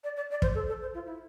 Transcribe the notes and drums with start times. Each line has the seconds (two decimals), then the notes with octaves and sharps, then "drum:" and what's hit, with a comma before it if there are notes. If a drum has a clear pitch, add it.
0.04 D5
0.17 D5
0.30 D5
0.42 C5, drum: kick
0.55 A4
0.68 A4
0.82 C5
0.94 F4
1.06 E4